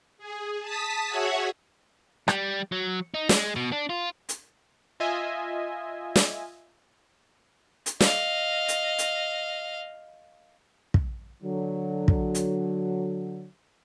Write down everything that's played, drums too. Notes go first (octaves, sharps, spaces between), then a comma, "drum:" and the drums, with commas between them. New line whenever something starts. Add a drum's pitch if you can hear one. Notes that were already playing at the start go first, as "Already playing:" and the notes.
G#4
A5 D#6 B6
F#4 G#4 C#5 E5 F#5 G#5
G3, drum: rim click
F#3
D#4
G#3, drum: snare
B2
D4
F4
drum: hi-hat
F4 D#5 E5 G#5
drum: snare
drum: hi-hat
D#5 F5, drum: snare
drum: hi-hat
drum: hi-hat
drum: kick
D3 F#3
drum: kick
drum: hi-hat